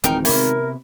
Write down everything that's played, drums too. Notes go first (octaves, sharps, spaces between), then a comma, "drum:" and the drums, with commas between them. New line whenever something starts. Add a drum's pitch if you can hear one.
D1 G#1 E3 F3 D#4 A#4 G5, drum: hi-hat
C3 B3 E4 A#4, drum: open hi-hat